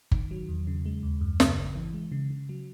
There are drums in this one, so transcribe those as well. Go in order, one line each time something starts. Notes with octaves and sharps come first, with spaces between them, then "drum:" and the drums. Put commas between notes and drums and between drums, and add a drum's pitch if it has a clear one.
D#3, drum: kick G1
F#3
E2
C#3
G#3
D#2
F#2
C#3, drum: snare
G#1
E3
G#3
C#3
C#3
F#3